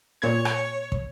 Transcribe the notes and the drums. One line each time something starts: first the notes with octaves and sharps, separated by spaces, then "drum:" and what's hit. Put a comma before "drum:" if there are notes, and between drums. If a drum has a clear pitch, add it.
A#2 C#5 G#6
drum: rim click
drum: kick